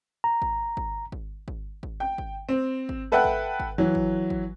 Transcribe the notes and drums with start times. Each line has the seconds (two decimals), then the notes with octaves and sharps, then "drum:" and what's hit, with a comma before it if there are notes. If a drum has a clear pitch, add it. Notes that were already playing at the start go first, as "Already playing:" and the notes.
0.24 A#5
0.42 drum: kick G#1
0.77 drum: kick G#1
1.12 drum: kick G#1
1.48 drum: kick G#1
1.83 drum: kick G#1
2.00 G5
2.18 drum: kick G#1
2.49 C4
2.89 drum: kick G#1
3.12 A4 B4 E5 F#5 G5 F#6
3.24 drum: kick G#1
3.60 drum: kick G#1
3.78 E3 F#3
3.95 drum: kick G#1
4.30 drum: kick G#1